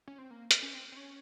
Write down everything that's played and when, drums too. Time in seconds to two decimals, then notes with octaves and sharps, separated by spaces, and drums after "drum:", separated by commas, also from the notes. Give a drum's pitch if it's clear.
0.08 C#4
0.18 C4
0.31 A#3
0.51 drum: hi-hat
0.63 C#4
0.74 C4
0.92 C4
0.97 C#4